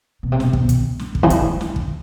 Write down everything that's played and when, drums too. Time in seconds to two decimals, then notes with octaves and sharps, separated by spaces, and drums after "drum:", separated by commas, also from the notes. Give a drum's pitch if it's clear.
0.23 B2
0.32 C3
0.40 B2, drum: snare
0.53 B2, drum: kick
0.69 drum: kick, hi-hat
0.99 drum: snare
1.15 G2, drum: kick
1.23 E3
1.30 F3, drum: kick, hi-hat
1.46 G3
1.61 drum: snare
1.76 drum: kick